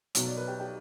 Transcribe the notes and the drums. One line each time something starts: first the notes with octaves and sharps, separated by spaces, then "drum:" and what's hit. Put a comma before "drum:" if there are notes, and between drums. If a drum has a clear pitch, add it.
B1 B2 F#3 C#5, drum: hi-hat
D5
B4
G4
G4